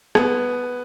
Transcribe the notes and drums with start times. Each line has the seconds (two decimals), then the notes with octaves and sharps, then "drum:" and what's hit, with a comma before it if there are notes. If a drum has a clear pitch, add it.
0.15 B3, drum: rim click